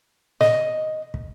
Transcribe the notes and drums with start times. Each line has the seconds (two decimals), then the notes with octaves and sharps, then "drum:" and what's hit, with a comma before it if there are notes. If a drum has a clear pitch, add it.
0.41 D#5, drum: snare
1.14 drum: kick